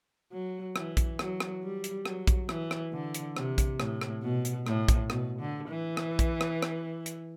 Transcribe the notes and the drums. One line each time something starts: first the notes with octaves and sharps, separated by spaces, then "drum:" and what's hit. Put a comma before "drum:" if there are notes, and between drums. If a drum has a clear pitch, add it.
F#3
E3, drum: rim click
drum: kick A#1, hi-hat
F#3, drum: rim click
drum: rim click
G3
drum: hi-hat
F#3, drum: rim click
drum: kick A#1, hi-hat
E3, drum: rim click
drum: rim click
D3
drum: hi-hat
C3, drum: rim click
drum: kick A#1, hi-hat
A2, drum: rim click
drum: rim click
B2
drum: hi-hat
A2, drum: rim click
drum: kick A#1, hi-hat
B2, drum: rim click
D3
E3
drum: rim click
drum: kick A#1, hi-hat
drum: rim click
drum: rim click
drum: hi-hat